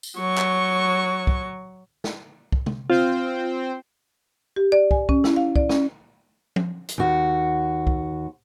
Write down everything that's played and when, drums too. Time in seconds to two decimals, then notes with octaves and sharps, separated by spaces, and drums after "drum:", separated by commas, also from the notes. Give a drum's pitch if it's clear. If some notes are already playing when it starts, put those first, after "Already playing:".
0.03 drum: tambourine
0.18 F#3 C#6
0.38 drum: clap
1.27 drum: kick
2.04 drum: snare
2.52 drum: kick
2.66 drum: tom
2.90 C4 F4 C5 G5
4.56 G4
4.72 D5
4.91 G#5, drum: kick
5.09 C#4, drum: kick
5.24 E4, drum: snare
5.36 F5
5.56 D5, drum: kick
5.70 C#4, drum: snare
6.56 drum: tom F3
6.89 drum: hi-hat
6.98 D#2 F#4
7.87 drum: kick